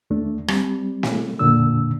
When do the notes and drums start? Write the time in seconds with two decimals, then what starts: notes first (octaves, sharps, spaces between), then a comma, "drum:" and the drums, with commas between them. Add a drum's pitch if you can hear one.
0.10 D#2 A3 D4
0.48 G3 C4, drum: rim click
1.03 drum: snare
1.39 F2 A#2 D3 D4 E6